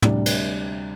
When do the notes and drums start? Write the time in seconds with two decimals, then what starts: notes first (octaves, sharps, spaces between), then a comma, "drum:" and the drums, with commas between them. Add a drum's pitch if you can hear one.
0.02 D2 C3 G3 D4, drum: tom
0.26 drum: cymbal